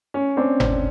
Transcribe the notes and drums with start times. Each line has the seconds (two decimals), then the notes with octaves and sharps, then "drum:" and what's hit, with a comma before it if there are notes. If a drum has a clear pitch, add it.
0.14 C#4
0.37 C4 D4
0.60 C4 D4, drum: tom G1